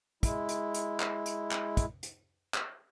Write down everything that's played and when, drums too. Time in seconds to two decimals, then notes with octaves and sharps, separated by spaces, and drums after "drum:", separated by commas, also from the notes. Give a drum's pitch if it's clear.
0.23 G#3 E4, drum: kick, hi-hat
0.49 drum: hi-hat
0.74 drum: hi-hat
1.00 drum: clap
1.26 drum: hi-hat
1.51 drum: clap
1.77 drum: kick, hi-hat
2.03 drum: hi-hat
2.54 drum: clap